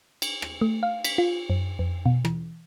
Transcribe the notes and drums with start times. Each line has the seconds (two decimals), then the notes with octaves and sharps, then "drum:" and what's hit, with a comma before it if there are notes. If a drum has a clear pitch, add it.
0.22 drum: cymbal
0.42 drum: rim click
0.61 A3
0.83 F5
1.04 B6, drum: cymbal
1.18 F4
1.50 F#2
1.79 F2
2.06 B2
2.25 E3, drum: rim click